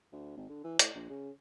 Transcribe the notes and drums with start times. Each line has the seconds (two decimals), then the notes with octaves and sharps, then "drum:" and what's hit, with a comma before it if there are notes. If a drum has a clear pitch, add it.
0.12 D2
0.37 G#1
0.49 D3
0.64 E3
0.79 A2, drum: hi-hat
0.95 A#1
1.10 C#3